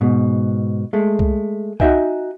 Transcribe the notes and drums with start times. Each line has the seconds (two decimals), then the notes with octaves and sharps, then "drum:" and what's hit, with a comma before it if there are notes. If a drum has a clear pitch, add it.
0.01 G#2 B2
0.93 G#3 A3
1.19 drum: kick C2
1.80 D#4 F#4 D#5 E5 G5 G#5, drum: kick C2